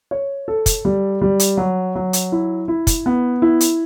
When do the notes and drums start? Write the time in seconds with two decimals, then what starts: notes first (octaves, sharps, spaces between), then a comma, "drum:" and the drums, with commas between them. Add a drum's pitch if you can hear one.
0.11 C#5
0.48 A4
0.66 drum: kick, hi-hat
0.85 G3
1.22 G3
1.40 drum: hi-hat
1.57 F#3
1.95 F#3
2.13 drum: hi-hat
2.32 E4
2.68 E4
2.87 drum: kick, hi-hat
3.06 B3
3.42 E4
3.61 drum: hi-hat